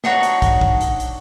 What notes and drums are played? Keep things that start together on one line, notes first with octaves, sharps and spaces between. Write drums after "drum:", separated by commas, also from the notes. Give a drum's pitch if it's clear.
D4 D#4 F#4 C#5, drum: snare
drum: hi-hat
drum: kick, hi-hat
drum: kick
drum: hi-hat
drum: hi-hat